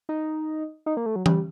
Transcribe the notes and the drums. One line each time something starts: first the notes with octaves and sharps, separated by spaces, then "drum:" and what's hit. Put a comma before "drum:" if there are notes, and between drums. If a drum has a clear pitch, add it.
D#4
D#4
A#3
A3
F#3
G3, drum: tom E3